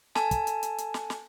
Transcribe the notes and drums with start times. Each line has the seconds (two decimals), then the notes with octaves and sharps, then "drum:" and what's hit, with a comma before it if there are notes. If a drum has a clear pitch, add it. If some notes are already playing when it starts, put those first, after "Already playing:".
0.15 A4 G#5 A5, drum: snare
0.31 drum: kick, hi-hat
0.47 drum: hi-hat
0.63 drum: hi-hat
0.78 drum: hi-hat
0.94 drum: snare
1.10 drum: snare